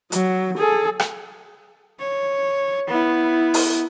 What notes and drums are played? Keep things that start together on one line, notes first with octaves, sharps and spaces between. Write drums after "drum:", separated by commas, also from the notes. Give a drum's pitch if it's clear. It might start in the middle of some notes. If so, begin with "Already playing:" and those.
F#3, drum: hi-hat
G#4 A4
drum: rim click
C#5
B3 E4
drum: open hi-hat